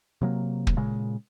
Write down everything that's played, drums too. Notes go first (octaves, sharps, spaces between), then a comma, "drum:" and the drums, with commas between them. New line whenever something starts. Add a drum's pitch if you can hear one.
C3 F#3 A#3
drum: kick
A#2 C#3 G#3